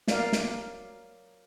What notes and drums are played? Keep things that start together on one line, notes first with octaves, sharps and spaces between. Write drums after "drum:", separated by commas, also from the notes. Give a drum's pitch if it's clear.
F#3 A#4 D5 F5, drum: snare
drum: snare